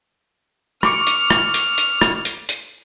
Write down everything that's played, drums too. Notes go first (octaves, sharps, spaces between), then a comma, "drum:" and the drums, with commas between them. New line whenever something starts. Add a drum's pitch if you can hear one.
C#6 D6 F6 C#7, drum: rim click
drum: hi-hat
drum: rim click
drum: hi-hat
drum: hi-hat
drum: rim click
drum: hi-hat
drum: hi-hat